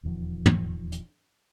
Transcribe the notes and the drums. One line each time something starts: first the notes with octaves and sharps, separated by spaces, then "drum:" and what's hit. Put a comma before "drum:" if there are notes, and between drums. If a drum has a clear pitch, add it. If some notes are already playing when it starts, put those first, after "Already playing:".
D#1 E2 D#3 F3
drum: tom
drum: hi-hat